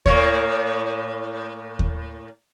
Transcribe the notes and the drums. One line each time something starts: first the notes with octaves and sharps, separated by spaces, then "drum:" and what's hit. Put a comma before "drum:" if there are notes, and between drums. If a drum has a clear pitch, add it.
A2 A#3 C#5, drum: kick D#2
drum: kick D#2